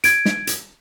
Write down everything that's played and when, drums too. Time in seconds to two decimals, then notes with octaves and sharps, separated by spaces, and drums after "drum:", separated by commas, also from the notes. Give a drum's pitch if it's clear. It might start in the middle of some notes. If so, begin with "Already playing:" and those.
0.04 G#6 D7, drum: hi-hat
0.25 drum: snare
0.47 drum: hi-hat